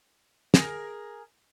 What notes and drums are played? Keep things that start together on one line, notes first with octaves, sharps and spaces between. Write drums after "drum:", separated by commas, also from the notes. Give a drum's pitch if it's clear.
G#4 A#4, drum: snare